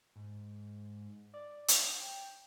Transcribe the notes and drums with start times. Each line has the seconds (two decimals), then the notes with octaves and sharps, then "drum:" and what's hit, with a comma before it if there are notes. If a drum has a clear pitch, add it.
0.16 G#2
1.34 D5
1.68 drum: hi-hat
1.80 G5